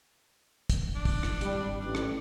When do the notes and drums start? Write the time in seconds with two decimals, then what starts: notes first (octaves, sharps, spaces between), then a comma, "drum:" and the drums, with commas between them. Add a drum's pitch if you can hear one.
0.70 drum: kick, hi-hat
0.95 D4
1.05 drum: kick, open hi-hat
1.23 drum: rim click
1.41 G#1 G3, drum: hi-hat
1.80 A1 D4
1.95 drum: rim click